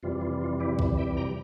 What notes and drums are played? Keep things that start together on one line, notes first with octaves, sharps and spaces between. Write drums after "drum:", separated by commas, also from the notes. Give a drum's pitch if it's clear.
F2 C3 E3 G3 F4
F4
F4
E4 G4
drum: kick B1
E5 G5
G5 A#5